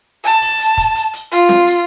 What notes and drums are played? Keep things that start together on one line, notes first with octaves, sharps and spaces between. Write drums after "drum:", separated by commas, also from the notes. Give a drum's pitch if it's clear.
A5, drum: hi-hat
drum: open hi-hat
drum: hi-hat
drum: kick, hi-hat
drum: hi-hat
drum: hi-hat
F4, drum: hi-hat
drum: snare C4
drum: hi-hat